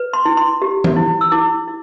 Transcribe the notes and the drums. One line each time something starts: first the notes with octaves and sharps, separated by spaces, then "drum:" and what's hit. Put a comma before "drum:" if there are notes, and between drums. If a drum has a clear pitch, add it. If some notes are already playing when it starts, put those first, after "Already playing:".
Already playing: B4
C6
E4
C6
G4
drum: tom E3
E4
E6
E4 D6
E4